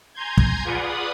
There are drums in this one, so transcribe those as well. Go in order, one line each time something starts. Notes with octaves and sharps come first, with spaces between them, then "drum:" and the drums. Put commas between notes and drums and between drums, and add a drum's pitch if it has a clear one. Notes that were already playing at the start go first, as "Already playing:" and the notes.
G#5 A#5 C6 G6 G#6
drum: kick
F4 G#4 B4 D5 F#5 D#6